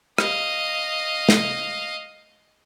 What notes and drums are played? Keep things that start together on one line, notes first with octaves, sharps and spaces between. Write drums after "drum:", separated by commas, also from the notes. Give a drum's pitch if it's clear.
D#5 F5, drum: rim click
drum: snare